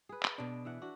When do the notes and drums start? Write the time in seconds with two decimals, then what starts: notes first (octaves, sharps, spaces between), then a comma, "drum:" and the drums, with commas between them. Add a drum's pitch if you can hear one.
0.09 G#4 B4
0.23 drum: clap
0.38 B2 D4
0.65 E3 E5 F#5
0.81 D4 F#4